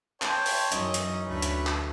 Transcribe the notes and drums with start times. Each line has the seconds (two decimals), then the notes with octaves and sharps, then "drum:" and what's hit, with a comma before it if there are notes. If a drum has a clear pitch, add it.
0.22 C5 C#5 G5 A5, drum: clap
0.46 drum: open hi-hat
0.72 F#2 E3 C#4 D#4 D#5, drum: hi-hat
0.94 drum: hi-hat
1.27 D2 A3 B4
1.42 drum: hi-hat
1.67 drum: clap